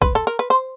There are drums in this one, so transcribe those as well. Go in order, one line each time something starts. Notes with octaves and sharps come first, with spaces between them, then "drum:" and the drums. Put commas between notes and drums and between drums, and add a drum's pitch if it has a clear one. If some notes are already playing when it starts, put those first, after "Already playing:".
B4, drum: kick
A4
A#4
B4
C5